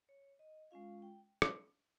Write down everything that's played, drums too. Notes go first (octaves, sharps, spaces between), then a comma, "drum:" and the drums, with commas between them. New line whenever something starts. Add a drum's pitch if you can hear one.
C#5
D#5
G#3 C#4 F4 F5
G5
drum: rim click